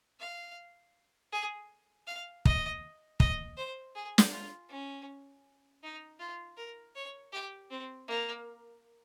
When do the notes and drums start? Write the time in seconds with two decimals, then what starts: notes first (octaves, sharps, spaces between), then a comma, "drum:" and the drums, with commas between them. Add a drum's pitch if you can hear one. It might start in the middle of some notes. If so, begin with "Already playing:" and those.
0.20 F5
1.32 G#4
2.07 F5
2.45 D#5, drum: kick
3.20 D#5, drum: kick
3.57 C5
3.95 G#4
4.18 drum: snare
4.32 F4
4.69 C#4
5.83 D#4
6.19 F4
6.57 A#4
6.96 C#5
7.33 G4
7.71 C4
8.08 A#3